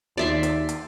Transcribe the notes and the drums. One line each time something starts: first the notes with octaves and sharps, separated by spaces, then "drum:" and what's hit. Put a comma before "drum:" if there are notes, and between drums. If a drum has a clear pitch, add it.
D#2 D5 E5 C6
drum: hi-hat
drum: hi-hat